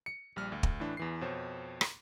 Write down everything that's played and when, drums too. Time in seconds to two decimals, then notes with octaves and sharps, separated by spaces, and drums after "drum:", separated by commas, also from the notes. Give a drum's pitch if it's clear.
0.06 C#7
0.36 A#1 G3 F6
0.52 D2
0.63 drum: kick
0.80 A2 E3 D4
0.97 E2 E3 C7
1.21 F2 B2 C5 C#5
1.81 drum: rim click